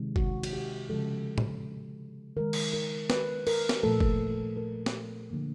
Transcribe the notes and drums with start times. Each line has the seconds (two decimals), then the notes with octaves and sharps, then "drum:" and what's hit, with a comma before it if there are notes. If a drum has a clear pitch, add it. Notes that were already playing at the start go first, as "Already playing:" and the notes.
Already playing: C3 D#3 G#3
0.16 F#4, drum: kick
0.43 F#4, drum: cymbal
0.53 G4
0.89 C#3 F3 G#3 A4
1.38 drum: tom
2.37 D#3 G#3 A#4
2.53 drum: cymbal
2.74 A#4
3.10 B4, drum: snare
3.47 A#4, drum: cymbal
3.69 drum: snare
3.83 A#2 F3 A3 A4
4.00 drum: kick
4.57 A#4
4.86 drum: snare
5.31 D3 F3 A#3